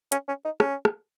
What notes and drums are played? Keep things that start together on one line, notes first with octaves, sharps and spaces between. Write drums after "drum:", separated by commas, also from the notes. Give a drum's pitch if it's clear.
C#4, drum: hi-hat
C#4
D#4
C#4, drum: rim click
drum: rim click